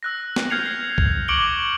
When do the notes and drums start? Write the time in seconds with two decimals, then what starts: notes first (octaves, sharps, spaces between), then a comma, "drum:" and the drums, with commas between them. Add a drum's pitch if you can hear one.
0.03 E6 F#6 A#6
0.36 drum: snare
0.50 F6 G6 G#6 C7 C#7 F7
0.66 C7
0.98 drum: kick C2
1.28 C#6 D6 C#7 D7 F#7 G7